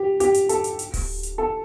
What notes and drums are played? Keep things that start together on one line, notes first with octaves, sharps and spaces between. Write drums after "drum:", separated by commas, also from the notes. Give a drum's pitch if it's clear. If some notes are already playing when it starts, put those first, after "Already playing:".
Already playing: G4
G4, drum: hi-hat
drum: hi-hat
A4, drum: hi-hat
drum: hi-hat
drum: hi-hat
drum: kick D1, open hi-hat
drum: hi-hat
A4